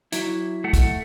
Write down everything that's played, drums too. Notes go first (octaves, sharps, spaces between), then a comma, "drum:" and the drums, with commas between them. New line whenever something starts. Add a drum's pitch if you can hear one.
F#3 E4, drum: hi-hat
A3 F#5
drum: kick, hi-hat